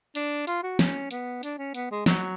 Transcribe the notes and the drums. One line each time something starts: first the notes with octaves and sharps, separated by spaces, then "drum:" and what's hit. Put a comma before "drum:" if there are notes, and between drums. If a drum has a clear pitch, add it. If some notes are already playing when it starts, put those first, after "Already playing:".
D4, drum: hi-hat
F4, drum: hi-hat
F#4
C#4, drum: snare
B3, drum: hi-hat
D4, drum: hi-hat
C#4
B3, drum: hi-hat
G#3
F#3, drum: snare